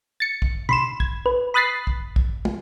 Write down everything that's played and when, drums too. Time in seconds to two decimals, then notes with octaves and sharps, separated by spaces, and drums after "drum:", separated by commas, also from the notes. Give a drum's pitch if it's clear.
0.20 A6 C#7
0.42 drum: kick
0.69 B5 C6 E7, drum: tom
1.00 G#6, drum: kick
1.26 B4
1.54 B5 D#6 F#6 A6 B6 C7
1.87 drum: kick
2.16 drum: kick
2.45 drum: tom